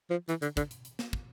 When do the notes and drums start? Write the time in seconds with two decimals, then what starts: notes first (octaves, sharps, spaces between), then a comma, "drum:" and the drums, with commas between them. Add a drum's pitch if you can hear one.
0.10 F3
0.29 E3, drum: hi-hat
0.42 D3, drum: hi-hat
0.57 D3, drum: kick, hi-hat
0.71 drum: hi-hat
0.85 drum: hi-hat
0.99 drum: snare
1.13 drum: kick